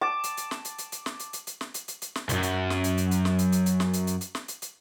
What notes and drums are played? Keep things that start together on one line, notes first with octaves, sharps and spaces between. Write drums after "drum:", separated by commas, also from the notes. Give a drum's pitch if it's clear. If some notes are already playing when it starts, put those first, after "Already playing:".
A5 D6
drum: hi-hat
drum: hi-hat
drum: snare
drum: hi-hat
drum: hi-hat
drum: hi-hat
drum: snare
drum: hi-hat
drum: hi-hat
drum: hi-hat
drum: snare
drum: hi-hat
drum: hi-hat
drum: hi-hat
drum: snare
C#2 F#2, drum: hi-hat
drum: hi-hat
drum: snare
drum: hi-hat
drum: hi-hat
drum: hi-hat
drum: snare
drum: hi-hat
drum: hi-hat
drum: hi-hat
drum: snare
drum: hi-hat
drum: hi-hat
drum: hi-hat
drum: snare
drum: hi-hat
drum: hi-hat